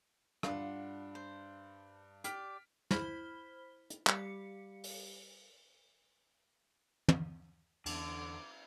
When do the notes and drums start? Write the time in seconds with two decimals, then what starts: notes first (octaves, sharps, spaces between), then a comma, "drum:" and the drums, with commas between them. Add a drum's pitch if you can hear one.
0.43 G2 D4 F4 F#5, drum: rim click
1.15 C5
2.24 G4 D5 F6 B6 D7, drum: hi-hat
2.91 E4 C5 B5 F6 B6 G7, drum: snare
3.90 drum: hi-hat
4.07 G3 G4 F5 C#7, drum: clap
4.84 drum: open hi-hat
7.09 drum: tom
7.86 E2 D3 D6, drum: cymbal